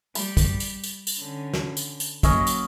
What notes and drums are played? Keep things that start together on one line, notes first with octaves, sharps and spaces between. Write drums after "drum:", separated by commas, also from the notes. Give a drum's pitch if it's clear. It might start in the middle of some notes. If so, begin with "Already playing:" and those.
G3 B5, drum: tambourine
drum: kick, tambourine
drum: tambourine
drum: tambourine
drum: tambourine
D3 C#4
drum: snare
drum: tambourine
drum: tambourine
F#3 A#3 C#4 D#5 E6, drum: kick, tambourine
drum: tambourine